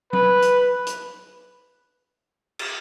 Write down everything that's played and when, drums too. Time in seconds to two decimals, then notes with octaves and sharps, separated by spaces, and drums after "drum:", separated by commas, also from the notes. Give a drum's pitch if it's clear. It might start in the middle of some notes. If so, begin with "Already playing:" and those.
0.13 B4, drum: tom F#3
0.42 drum: hi-hat
0.87 drum: hi-hat
2.59 drum: cymbal